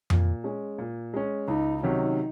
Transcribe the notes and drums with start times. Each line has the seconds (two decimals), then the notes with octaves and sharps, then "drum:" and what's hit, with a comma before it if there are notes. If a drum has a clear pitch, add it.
0.10 A#2, drum: tom F2
0.44 G#3 C#4
0.78 A#2
1.14 G#3 C#4
1.48 C#2 D#4
1.83 C3 D#3 F#3 C#4 D#4